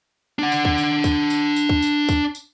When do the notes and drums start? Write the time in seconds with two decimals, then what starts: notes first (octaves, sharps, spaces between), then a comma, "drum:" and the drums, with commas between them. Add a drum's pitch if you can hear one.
0.39 D4 F#5
0.52 drum: tambourine
0.65 drum: kick
0.78 drum: tambourine
1.04 drum: kick, tambourine
1.30 drum: tambourine
1.56 drum: tambourine
1.69 drum: kick
1.83 drum: tambourine
2.09 drum: kick, tambourine
2.35 drum: tambourine